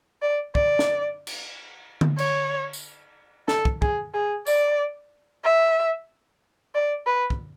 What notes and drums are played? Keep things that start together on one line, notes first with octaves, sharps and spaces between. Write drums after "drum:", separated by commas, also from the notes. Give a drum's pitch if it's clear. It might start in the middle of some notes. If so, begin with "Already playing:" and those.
D5
D5, drum: kick
drum: snare
drum: cymbal
drum: tom D3
C#5, drum: cymbal
drum: tambourine
A4, drum: snare
drum: kick
G#4, drum: kick
G#4
D5, drum: tambourine
E5
D5
B4
drum: kick